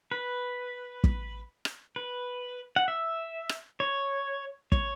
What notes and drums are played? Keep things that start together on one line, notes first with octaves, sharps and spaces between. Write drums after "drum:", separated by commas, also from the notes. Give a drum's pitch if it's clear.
B4
drum: kick
drum: rim click
B4
F#5
E5
drum: rim click
C#5
C#5, drum: kick